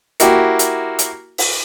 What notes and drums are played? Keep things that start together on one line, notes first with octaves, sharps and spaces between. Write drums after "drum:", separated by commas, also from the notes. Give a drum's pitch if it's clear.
A#3 E4 F#4 G4, drum: hi-hat
drum: hi-hat
drum: hi-hat
drum: open hi-hat